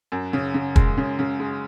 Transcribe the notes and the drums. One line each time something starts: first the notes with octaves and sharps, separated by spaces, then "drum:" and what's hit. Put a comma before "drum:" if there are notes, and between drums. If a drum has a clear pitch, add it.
F#2
C#3
C#3
G#3, drum: kick
C#3
C#3
G#3